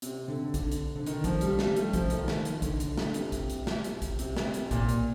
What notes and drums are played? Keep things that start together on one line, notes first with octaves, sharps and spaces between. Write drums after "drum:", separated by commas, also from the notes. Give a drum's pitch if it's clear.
C3, drum: hi-hat
D3
D3, drum: kick, hi-hat
drum: hi-hat
D3
D#3, drum: hi-hat
F3, drum: kick, hi-hat
G3, drum: hi-hat
G3, drum: snare
A3, drum: hi-hat
F3, drum: kick, hi-hat
D#3, drum: hi-hat
drum: snare
drum: hi-hat
D3, drum: kick, hi-hat
drum: hi-hat
drum: snare
C3, drum: hi-hat
drum: kick, hi-hat
drum: hi-hat
drum: snare
drum: hi-hat
drum: kick, hi-hat
C3, drum: hi-hat
drum: snare
drum: hi-hat
A#2, drum: kick, hi-hat
drum: hi-hat